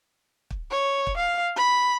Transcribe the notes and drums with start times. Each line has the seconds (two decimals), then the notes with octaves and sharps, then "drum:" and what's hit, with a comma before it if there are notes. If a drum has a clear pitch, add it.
0.50 drum: kick
0.71 C#5
1.07 drum: kick
1.17 F5
1.56 B5